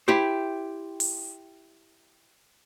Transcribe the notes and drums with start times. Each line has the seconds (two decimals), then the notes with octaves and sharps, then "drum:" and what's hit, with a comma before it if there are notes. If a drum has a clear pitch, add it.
0.08 E4 G4 C5
1.00 drum: open hi-hat